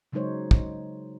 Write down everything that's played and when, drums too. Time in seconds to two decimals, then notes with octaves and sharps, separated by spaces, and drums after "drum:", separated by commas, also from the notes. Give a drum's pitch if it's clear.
0.13 C#3 F#3 G#3 D#4 C5 C#5
0.51 drum: kick